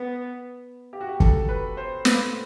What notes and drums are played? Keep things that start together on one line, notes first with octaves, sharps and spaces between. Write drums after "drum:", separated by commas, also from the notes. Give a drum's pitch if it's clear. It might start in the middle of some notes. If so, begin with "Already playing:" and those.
Already playing: B3
G4
F#4
G4
A4, drum: kick
B4
C5
B4, drum: snare